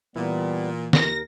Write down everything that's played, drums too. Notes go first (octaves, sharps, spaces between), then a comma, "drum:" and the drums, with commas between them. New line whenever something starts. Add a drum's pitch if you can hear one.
A#2 E3 G3 B3
D#2 A#4 A#6, drum: snare